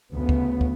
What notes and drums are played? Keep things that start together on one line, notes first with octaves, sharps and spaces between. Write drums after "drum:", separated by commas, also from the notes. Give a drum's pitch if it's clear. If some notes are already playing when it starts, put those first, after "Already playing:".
D2 C#3 B3
drum: kick
drum: kick